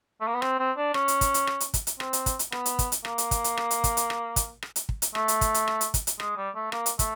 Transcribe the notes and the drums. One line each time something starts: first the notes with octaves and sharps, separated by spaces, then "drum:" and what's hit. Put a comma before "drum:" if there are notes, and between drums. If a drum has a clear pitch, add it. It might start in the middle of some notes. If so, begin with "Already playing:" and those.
A3
A#3
B3
C4, drum: rim click
C4
D4
C#4, drum: rim click
drum: hi-hat
drum: kick, hi-hat
drum: hi-hat
drum: rim click
drum: hi-hat
drum: kick, hi-hat
drum: hi-hat
C4, drum: rim click
drum: hi-hat
drum: kick, hi-hat
drum: hi-hat
B3, drum: rim click
drum: hi-hat
drum: kick, hi-hat
drum: hi-hat
A#3, drum: rim click
drum: hi-hat
drum: kick, hi-hat
drum: hi-hat
drum: rim click
drum: hi-hat
drum: kick, hi-hat
drum: hi-hat
drum: rim click
drum: kick, hi-hat
drum: rim click
drum: hi-hat
drum: kick
drum: hi-hat
A3, drum: rim click
drum: hi-hat
drum: kick, hi-hat
drum: hi-hat
drum: rim click
drum: hi-hat
drum: kick, hi-hat
drum: hi-hat
G#3, drum: rim click
G3
A3
A#3, drum: rim click
drum: hi-hat
A3, drum: kick, hi-hat